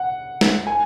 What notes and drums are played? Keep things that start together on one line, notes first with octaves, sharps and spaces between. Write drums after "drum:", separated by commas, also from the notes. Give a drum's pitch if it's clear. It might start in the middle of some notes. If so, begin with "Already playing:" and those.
Already playing: F#5
drum: snare
G#5